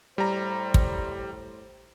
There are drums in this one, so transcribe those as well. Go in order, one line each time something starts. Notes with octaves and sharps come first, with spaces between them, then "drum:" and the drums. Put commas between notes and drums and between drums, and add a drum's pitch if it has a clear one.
A2 G3 C5 A#5
drum: kick